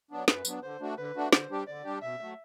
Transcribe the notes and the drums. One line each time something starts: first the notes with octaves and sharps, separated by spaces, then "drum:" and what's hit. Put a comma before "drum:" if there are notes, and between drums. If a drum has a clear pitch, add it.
F#3 B3 D4
F#2 B4, drum: snare
F#3 B3 D4, drum: tambourine
D3 C5
A3 D4 F#4
D3 B4
A3 D4 F#4
D3 C5, drum: snare
G3 D4 G4
D3 D5
G3 D4 G4
B2 E5
F#3 A3